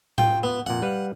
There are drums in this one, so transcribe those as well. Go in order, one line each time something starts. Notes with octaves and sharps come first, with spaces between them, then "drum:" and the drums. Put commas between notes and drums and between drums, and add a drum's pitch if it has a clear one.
F4 G5, drum: tom A2
B3
F2 A#2 F#5
G3 B4 F5